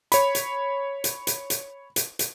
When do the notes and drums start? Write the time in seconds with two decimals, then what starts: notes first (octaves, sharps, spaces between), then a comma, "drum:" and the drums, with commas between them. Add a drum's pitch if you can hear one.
0.12 C#5 B5, drum: hi-hat
0.35 drum: hi-hat
1.04 drum: hi-hat
1.27 drum: hi-hat
1.50 drum: hi-hat
1.96 drum: hi-hat
2.19 drum: hi-hat